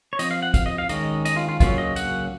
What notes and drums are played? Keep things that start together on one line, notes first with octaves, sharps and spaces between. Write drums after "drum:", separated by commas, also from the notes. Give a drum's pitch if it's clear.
C#5
F3 C4 D#5, drum: hi-hat
F5
F#5
F5, drum: kick, hi-hat
D#5
F5
D#3 G#3 C#4 D#5, drum: hi-hat
D#5, drum: hi-hat
F4
F4
C#3 F#3 A#3 C#4 F4, drum: kick, hi-hat
D#5
F#5, drum: hi-hat